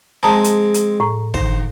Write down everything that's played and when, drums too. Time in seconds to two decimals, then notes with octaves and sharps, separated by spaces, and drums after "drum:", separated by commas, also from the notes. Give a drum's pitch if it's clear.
0.23 F3 G#3 C4 G#4 D#5 A5 A#5 D#6
0.44 drum: hi-hat
0.74 drum: hi-hat
1.00 A2 A#5
1.34 D3 C5, drum: kick